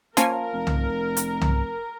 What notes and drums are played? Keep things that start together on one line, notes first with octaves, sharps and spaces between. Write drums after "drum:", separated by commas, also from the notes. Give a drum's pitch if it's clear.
F3 A#3 C#4 A#4 G#5, drum: hi-hat
F1
drum: tom C2
drum: hi-hat
drum: tom C2